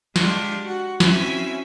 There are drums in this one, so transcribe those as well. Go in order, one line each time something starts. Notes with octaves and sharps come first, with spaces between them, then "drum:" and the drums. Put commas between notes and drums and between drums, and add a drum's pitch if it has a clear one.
G#3 D4 F4 G4, drum: snare
F#4 F#5
C4 C#4 E4 F#4 E5 G#5, drum: snare